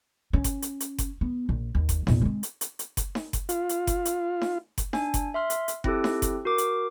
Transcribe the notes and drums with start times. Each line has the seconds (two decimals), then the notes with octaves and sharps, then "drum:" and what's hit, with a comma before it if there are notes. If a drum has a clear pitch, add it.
0.33 C#4
0.44 drum: kick F#1, hi-hat
0.62 drum: hi-hat
0.80 drum: hi-hat
0.98 drum: kick F#1, hi-hat
1.21 B3
1.49 A#1
1.75 D#2
1.89 drum: kick F#1, hi-hat
2.07 E2 A#2, drum: snare D#4
2.21 G#3 C4
2.43 drum: hi-hat
2.61 drum: hi-hat
2.79 drum: hi-hat
2.97 drum: kick F#1, hi-hat
3.15 drum: snare D#4
3.33 drum: kick F#1, hi-hat
3.49 F4, drum: hi-hat
3.69 drum: hi-hat
3.87 drum: kick F#1, hi-hat
4.05 drum: hi-hat
4.41 drum: snare D#4
4.78 drum: kick F#1, hi-hat
4.93 D4 G#5, drum: snare D#4
5.14 drum: kick F#1, hi-hat
5.34 E5 C6 F6
5.50 drum: hi-hat
5.68 drum: hi-hat
5.84 C4 E4 G4 A4, drum: kick F#1
6.04 drum: snare D#4
6.22 drum: kick F#1, hi-hat
6.45 F#4 A#4 D6
6.58 drum: hi-hat